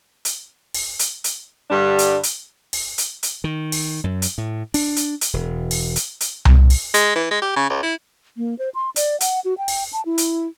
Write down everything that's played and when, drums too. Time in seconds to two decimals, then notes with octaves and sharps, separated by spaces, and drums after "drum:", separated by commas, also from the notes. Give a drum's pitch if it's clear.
0.25 drum: hi-hat
0.74 drum: open hi-hat
0.99 drum: hi-hat
1.24 drum: hi-hat
1.71 G2 D3 G3 D4
1.99 drum: hi-hat
2.23 drum: hi-hat
2.73 drum: open hi-hat
2.98 drum: hi-hat
3.23 drum: hi-hat
3.44 D#3
3.72 drum: open hi-hat
4.04 F#2
4.22 drum: hi-hat
4.38 A2
4.74 D4, drum: open hi-hat
4.96 drum: hi-hat
5.21 drum: hi-hat
5.33 E1
5.71 drum: open hi-hat
5.96 drum: hi-hat
6.20 drum: hi-hat
6.45 drum: tom C2
6.70 drum: open hi-hat
6.94 G#3, drum: hi-hat
7.16 E3
7.31 G#3
7.42 G4
7.56 C#3
7.70 C#2
7.83 E4
8.37 A#3
8.59 C5
8.75 C6
8.96 D5, drum: hi-hat
9.20 F#5, drum: hi-hat
9.45 F#4
9.58 G5
9.68 drum: open hi-hat
9.93 A5
10.06 E4
10.18 drum: hi-hat